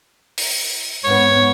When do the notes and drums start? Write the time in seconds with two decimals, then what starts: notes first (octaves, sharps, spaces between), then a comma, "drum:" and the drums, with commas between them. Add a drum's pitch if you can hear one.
0.38 drum: open hi-hat
1.04 G#2 B3 C#5